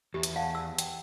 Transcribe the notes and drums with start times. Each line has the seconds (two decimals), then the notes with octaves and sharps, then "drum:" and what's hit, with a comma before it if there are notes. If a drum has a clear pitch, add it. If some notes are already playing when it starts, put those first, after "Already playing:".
0.14 E2 G4
0.23 drum: hi-hat
0.36 F5 F#5 A5
0.55 E6
0.78 G5, drum: hi-hat